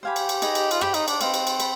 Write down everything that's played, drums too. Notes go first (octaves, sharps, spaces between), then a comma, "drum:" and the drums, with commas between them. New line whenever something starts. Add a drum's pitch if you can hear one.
G4 C5 F5 G#5 B5
drum: cymbal
drum: cymbal
D#4 G#4 B4 D#5, drum: cymbal
drum: cymbal
F4, drum: cymbal
G4 C5 G5 B5, drum: rim click
D#4, drum: cymbal
D4, drum: cymbal
C4 D#4 B4 F5 C6, drum: cymbal
drum: cymbal
drum: cymbal
B5, drum: cymbal